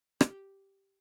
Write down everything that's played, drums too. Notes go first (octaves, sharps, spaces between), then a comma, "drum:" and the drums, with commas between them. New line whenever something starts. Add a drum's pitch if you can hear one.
G4, drum: rim click